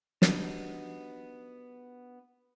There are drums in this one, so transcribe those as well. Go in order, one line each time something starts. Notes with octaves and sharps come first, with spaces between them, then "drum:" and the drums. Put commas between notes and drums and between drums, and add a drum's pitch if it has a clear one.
B3 D4 D#4 F#4 G4, drum: snare